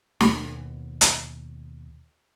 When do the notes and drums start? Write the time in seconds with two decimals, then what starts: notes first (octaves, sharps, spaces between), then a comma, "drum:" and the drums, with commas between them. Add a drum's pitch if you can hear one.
0.21 D#2 B2, drum: snare
1.01 drum: hi-hat